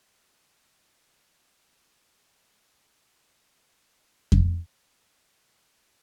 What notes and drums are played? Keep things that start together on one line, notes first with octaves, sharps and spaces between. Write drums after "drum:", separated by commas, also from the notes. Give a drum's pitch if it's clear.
C#4
C#3
G#3
A#4
D#5
drum: kick F2
F4 A4
D#4 F4 C#5 D#5
G#3 A#3 A#4 G5
F#3 B3 G4 B4
A3 C#4 A#4 A5